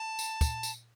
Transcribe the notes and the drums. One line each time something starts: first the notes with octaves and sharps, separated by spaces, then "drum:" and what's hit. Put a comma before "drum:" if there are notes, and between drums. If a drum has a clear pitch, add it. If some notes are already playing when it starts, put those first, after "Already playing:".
Already playing: A5
drum: tambourine
drum: kick, tambourine
drum: tambourine